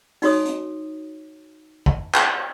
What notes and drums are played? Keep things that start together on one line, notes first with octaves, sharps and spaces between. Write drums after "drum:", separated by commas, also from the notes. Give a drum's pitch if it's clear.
D#4 F#4 C#5 D#6, drum: open hi-hat
drum: hi-hat
drum: kick
drum: clap